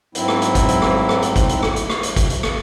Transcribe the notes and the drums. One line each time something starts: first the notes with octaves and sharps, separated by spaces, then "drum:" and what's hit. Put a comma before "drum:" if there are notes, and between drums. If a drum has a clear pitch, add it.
G#2 F#3 C4 E4, drum: hi-hat
drum: rim click
drum: hi-hat
drum: kick, hi-hat
drum: hi-hat
drum: rim click
drum: rim click
drum: hi-hat
drum: kick, hi-hat
drum: hi-hat
drum: rim click
drum: hi-hat
drum: rim click
drum: hi-hat
drum: kick, hi-hat
drum: hi-hat
drum: rim click